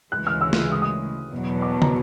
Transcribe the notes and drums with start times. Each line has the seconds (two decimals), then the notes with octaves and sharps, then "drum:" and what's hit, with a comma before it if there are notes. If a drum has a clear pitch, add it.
0.11 D2 C#3 E3 G#3 F#6
0.27 F6
0.41 E6
0.53 drum: snare
0.72 D#6
0.82 D#6
1.32 E2 B2 F#3
1.62 D6
1.72 A5
1.82 A#5, drum: tom